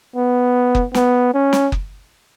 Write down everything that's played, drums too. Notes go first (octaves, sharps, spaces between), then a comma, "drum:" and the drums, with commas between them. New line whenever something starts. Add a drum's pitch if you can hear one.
B3
drum: kick F#1
B3, drum: snare
C#4
drum: snare
drum: kick F#1